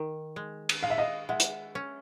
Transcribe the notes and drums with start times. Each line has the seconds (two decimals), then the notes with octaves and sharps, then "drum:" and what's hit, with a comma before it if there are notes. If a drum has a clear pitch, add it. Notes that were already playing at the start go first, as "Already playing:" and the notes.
Already playing: D#3
0.36 G#3
0.69 drum: cymbal
0.83 G#3 F5
0.90 E5
0.98 D#5 F5
1.29 G#3 E5 F#5
1.40 drum: hi-hat
1.75 C#4